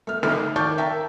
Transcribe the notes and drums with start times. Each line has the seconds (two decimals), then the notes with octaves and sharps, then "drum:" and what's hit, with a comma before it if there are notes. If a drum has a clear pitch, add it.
0.07 A3 F6
0.23 A3 D#4 F6, drum: snare
0.56 D#3 D5 A5 C#6 G6
0.78 A#4 E5 G5 A5 A#5